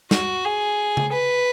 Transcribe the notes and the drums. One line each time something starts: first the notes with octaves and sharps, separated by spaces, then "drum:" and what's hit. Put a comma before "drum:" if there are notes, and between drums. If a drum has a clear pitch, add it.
F#4, drum: snare
G#4
drum: tom C#3
B4